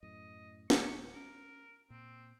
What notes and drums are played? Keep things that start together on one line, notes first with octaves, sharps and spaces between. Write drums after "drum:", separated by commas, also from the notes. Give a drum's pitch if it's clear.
F#2 A2 D#5
D#1 A#2 C#6, drum: snare
C#4 A#4
A#2 C4